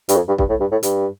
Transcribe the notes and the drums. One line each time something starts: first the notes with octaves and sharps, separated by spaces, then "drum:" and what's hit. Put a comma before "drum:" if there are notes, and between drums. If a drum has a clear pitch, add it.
G2, drum: hi-hat
F2
G2
G2, drum: kick
A2
G2
A2
G2, drum: hi-hat